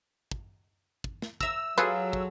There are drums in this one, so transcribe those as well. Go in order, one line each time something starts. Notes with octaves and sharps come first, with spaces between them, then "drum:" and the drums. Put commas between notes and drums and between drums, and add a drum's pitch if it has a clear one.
drum: kick
drum: kick
drum: snare
E5 A#5 E6, drum: kick
F#3 F4 G#4 A4 B4
drum: kick